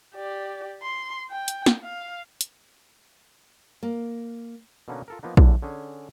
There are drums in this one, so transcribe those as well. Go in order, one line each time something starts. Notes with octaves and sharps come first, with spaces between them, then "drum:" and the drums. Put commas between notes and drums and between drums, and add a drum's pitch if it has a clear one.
G4 D5
C6
G5
drum: hi-hat
drum: snare
F5
drum: hi-hat
A#3
B2 D3 A#3 B3 C#4 D#4
F4 A4 A#4
F3 A#3 B3 D#4
A1 E2 A2 D3, drum: kick A#1
D3 C#4 G#4